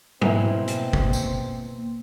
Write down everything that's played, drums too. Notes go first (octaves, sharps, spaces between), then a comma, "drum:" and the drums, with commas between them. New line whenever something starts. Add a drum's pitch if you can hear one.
B2 E3 A#3 C4 E4 B4 C5, drum: tom
drum: hi-hat
drum: kick
drum: tambourine